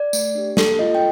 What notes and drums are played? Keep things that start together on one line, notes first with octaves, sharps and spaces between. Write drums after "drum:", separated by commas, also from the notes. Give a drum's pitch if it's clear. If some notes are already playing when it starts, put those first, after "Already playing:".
Already playing: D5
A3, drum: tambourine
D4 G4
A#3 A4, drum: snare
F4 A4 D#5
G5